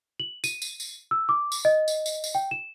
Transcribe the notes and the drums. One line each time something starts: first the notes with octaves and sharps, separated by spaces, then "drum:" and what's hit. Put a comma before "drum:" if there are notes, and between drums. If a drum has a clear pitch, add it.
F#7
D#7, drum: tambourine
drum: tambourine
drum: tambourine
E6
D6
drum: tambourine
D#5
drum: tambourine
drum: tambourine
drum: tambourine
G5
E7